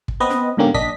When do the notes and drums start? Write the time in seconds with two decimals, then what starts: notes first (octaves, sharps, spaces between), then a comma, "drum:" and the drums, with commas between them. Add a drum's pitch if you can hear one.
0.08 drum: kick
0.20 B3 C4 B4 D#5
0.30 drum: snare
0.57 G#2 B2 D3 A#3 C#4 G4
0.74 A#1 D4 D#5 B6, drum: kick